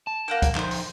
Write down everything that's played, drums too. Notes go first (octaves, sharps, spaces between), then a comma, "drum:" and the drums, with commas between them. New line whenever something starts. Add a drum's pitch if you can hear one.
A5
A#3 F#5 G5
drum: kick, hi-hat
F3 D#4 C5, drum: clap
drum: open hi-hat